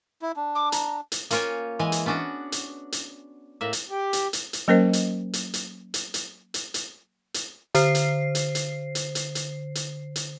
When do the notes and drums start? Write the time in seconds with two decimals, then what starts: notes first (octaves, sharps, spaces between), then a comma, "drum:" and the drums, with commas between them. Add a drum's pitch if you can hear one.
0.22 E4
0.36 D4
0.55 D6
0.72 A#5, drum: hi-hat
1.12 drum: hi-hat
1.31 A#3 C#4 F4 C#5 G5 G#5, drum: hi-hat
1.79 E3 G#3 G#5
1.92 drum: hi-hat
2.06 B3 C#4 D4 F#4 F#5
2.52 drum: hi-hat
2.92 drum: hi-hat
3.61 A2 A#3 E5
3.73 drum: hi-hat
3.90 G4
4.13 drum: hi-hat
4.33 drum: hi-hat
4.53 drum: hi-hat
4.68 F#3 A#3 C#4 A#4 C5 D#5
4.93 drum: hi-hat
5.33 drum: hi-hat
5.54 drum: hi-hat
5.94 drum: hi-hat
6.14 drum: hi-hat
6.54 drum: hi-hat
6.74 drum: hi-hat
7.34 drum: hi-hat
7.75 D3 C5 C7, drum: hi-hat
7.95 drum: hi-hat
8.35 drum: hi-hat
8.55 drum: hi-hat
8.95 drum: hi-hat
9.15 drum: hi-hat
9.35 drum: hi-hat
9.75 drum: hi-hat
10.16 drum: hi-hat